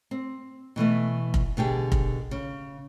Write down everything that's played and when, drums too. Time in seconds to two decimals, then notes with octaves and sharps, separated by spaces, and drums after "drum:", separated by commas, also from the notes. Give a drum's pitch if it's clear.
0.11 C4
0.76 B2 E3 A3 B3
1.34 drum: kick F1
1.57 B2 D3 G4 G#4
1.92 drum: kick F1
2.31 C#3